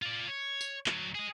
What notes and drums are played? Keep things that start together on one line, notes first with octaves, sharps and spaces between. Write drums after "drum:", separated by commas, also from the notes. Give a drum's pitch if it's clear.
F4 D5
C#5
drum: tambourine
D2 F#3, drum: clap
G#4 D#5